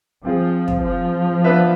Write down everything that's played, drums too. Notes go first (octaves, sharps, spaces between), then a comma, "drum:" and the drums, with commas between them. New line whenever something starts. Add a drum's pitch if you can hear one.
F3 C4 F4 G#4
drum: kick
F3
B3 D4 F4 B4 E5